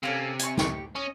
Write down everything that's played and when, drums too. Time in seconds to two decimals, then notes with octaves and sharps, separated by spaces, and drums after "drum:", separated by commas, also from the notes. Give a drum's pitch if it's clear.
0.03 C3 A#3 C#4 A4
0.39 G#5 C#6, drum: hi-hat
0.57 G4 C#6, drum: snare
0.96 C#4 D#5